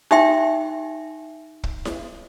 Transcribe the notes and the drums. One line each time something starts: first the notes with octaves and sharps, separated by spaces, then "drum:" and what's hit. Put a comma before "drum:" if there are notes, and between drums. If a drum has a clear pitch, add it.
D#4 G4 E5 G5 C6, drum: snare E4
drum: kick
drum: snare E4